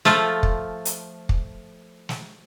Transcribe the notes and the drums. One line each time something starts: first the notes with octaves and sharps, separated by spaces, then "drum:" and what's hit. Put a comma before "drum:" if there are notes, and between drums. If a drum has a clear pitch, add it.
F3 A3 F4 A4, drum: snare
drum: kick
drum: hi-hat
drum: kick
drum: snare